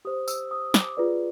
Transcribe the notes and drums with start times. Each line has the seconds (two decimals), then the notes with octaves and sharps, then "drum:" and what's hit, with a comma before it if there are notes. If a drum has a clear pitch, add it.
0.05 G4 C5 D#6
0.28 E6, drum: tambourine
0.51 D#6
0.74 D6, drum: snare
0.97 F4 G#4 B4 D5